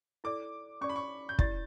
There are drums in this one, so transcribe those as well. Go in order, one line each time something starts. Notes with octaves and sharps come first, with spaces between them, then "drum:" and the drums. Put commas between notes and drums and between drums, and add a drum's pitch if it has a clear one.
E4 A4 D5 D6
C#4 G4 D5 C#6
B5
C#6
G6
E4 G4 D5 A6, drum: kick